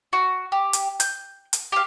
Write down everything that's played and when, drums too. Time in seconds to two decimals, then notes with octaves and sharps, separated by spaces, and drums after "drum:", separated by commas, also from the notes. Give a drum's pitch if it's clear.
0.13 F#4
0.52 G4
0.73 drum: hi-hat
1.00 G6, drum: hi-hat
1.53 drum: hi-hat
1.72 G4 F5